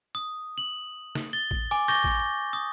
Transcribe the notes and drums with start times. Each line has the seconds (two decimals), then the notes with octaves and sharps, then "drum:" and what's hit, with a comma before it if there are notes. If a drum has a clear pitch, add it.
0.15 D#6
0.58 F#7
1.15 drum: snare
1.33 A6 G7
1.51 drum: kick A1
1.71 G#5 D6
1.88 C#6 D6 G6 A6 A#6 G7
2.04 drum: kick A1
2.53 D#6